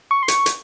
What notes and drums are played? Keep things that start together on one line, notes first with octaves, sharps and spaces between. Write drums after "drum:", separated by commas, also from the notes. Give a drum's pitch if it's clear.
C#6
C6
C#6, drum: hi-hat
drum: hi-hat